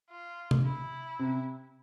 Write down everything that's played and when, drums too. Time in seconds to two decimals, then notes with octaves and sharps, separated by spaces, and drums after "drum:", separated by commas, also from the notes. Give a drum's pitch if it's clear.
0.10 F4
0.51 drum: tom C3
0.65 E4
1.19 C3